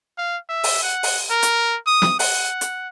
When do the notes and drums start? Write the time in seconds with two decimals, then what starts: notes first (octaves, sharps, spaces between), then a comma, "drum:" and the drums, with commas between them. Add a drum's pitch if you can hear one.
0.18 F5
0.49 E5
0.64 drum: open hi-hat
0.83 F#5
1.03 drum: open hi-hat
1.30 A#4
1.43 drum: hi-hat
1.87 D#6
2.02 drum: snare
2.19 F#5, drum: open hi-hat
2.61 drum: hi-hat